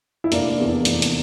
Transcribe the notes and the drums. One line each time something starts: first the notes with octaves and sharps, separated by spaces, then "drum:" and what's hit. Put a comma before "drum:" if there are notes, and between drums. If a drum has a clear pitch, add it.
E4
F1 A#3 D4, drum: hi-hat
E2 E3
F1, drum: hi-hat
drum: hi-hat